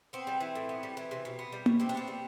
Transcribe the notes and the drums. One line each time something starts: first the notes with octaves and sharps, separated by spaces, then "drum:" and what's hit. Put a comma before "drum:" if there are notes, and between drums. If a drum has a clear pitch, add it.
B3 C4
G3
E3
A2
B3
G3
E3
C3
B2
B3
G3
B2, drum: tom A#3
C3 C4
D4
B3 C4
G3